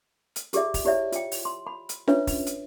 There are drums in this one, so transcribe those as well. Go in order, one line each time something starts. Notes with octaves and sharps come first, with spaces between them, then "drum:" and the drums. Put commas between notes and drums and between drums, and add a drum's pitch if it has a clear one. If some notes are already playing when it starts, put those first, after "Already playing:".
drum: hi-hat
F4 G4 G#4 D5 E5, drum: hi-hat
drum: kick, open hi-hat
E4 G4 C#5 D5 E5
F4 G5, drum: hi-hat
drum: open hi-hat
C6
B5
drum: hi-hat
C#4 D4 F4 B4 C#5 E5, drum: snare
drum: kick, open hi-hat
drum: hi-hat